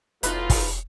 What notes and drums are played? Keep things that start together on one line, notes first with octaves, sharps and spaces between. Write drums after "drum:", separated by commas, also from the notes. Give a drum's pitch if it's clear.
F1 B1 A2 D#4 F4 B4, drum: hi-hat
drum: kick, open hi-hat